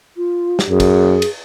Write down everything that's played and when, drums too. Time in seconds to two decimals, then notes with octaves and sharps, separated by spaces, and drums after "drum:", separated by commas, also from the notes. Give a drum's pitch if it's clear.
0.17 F4
0.59 drum: snare
0.70 F#2 G#4
0.80 drum: kick, cymbal
1.22 drum: cymbal